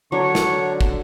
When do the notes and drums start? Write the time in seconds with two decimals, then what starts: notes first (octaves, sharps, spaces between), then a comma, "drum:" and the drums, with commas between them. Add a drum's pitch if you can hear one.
0.12 D3 F#3 D4 C#5 C#6
0.35 drum: snare
0.81 drum: kick